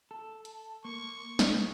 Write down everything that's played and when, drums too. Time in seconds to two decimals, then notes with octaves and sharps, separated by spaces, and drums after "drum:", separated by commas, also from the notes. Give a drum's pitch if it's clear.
0.11 A4
0.45 drum: hi-hat
0.85 A#3 C#6
1.39 B3, drum: snare